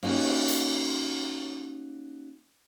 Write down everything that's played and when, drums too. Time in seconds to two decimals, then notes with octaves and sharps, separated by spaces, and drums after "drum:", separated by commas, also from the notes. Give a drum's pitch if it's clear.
0.03 A#3 C#4 D#4 F#4 G4, drum: cymbal
0.24 drum: cymbal
0.48 drum: hi-hat